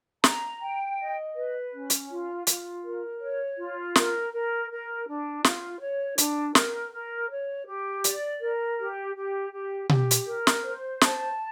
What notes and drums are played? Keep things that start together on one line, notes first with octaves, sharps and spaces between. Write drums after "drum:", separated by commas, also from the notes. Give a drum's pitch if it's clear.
A#5, drum: snare
G5
D#5
B4
C#4
drum: hi-hat
F4
F4, drum: hi-hat
A#4
C#5
F4
A#4, drum: snare
A#4
A#4
D4
F4, drum: snare
C#5
D4, drum: hi-hat
A#4, drum: snare
A#4
C#5
G4
D5, drum: hi-hat
A#4
G4
G4
G4
G4, drum: tom B2
drum: hi-hat
A#4
drum: snare
C5
A5, drum: snare